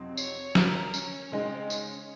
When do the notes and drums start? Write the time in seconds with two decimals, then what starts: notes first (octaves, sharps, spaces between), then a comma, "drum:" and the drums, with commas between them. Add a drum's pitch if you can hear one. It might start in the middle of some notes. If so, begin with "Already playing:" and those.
Already playing: F2 C3 F#3 C4 D#4
0.17 C#5, drum: tambourine
0.55 A#4, drum: snare
0.94 C#4, drum: tambourine
1.32 C#3 G#3 C4 D#4
1.70 C#4, drum: tambourine